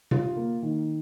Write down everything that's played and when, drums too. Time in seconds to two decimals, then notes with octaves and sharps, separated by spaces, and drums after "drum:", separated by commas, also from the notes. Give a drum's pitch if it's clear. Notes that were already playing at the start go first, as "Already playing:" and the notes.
0.11 F4, drum: tom C3
0.37 A#3
0.62 D#3